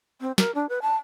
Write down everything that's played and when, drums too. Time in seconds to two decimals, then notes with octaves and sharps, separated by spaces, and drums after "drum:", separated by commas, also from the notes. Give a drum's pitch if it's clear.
0.21 C4
0.38 A#4, drum: snare
0.55 D4
0.69 B4
0.82 A5